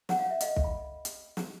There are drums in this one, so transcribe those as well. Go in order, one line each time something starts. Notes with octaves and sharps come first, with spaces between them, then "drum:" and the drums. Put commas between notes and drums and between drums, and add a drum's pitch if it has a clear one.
C#5 F#5, drum: snare
F5
C#5
E5
A4 D#5 F5, drum: hi-hat
A4, drum: kick
B5
drum: hi-hat
drum: snare